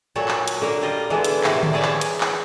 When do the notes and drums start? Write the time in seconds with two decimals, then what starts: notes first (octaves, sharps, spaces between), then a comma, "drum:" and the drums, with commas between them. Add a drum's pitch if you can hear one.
0.16 A#2 F#3 A4 C#5
0.28 drum: clap
0.48 drum: hi-hat
0.61 D3 A#3 A#4
0.82 G3 F4 D#5
1.10 B2 D3 E3 G#3 B3
1.24 drum: hi-hat
1.44 A2 C3 E3 A#3 D5, drum: clap
1.63 drum: tom D3
1.73 G#4 C#5 D5 E5
1.82 drum: clap
2.01 drum: hi-hat
2.21 drum: clap